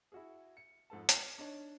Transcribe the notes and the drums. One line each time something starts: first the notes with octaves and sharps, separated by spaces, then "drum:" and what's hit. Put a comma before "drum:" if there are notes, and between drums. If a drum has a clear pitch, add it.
E4 F#4 G#4
C#7
F2 G#2 A4 A5
F6, drum: hi-hat
D4 D#4 C#5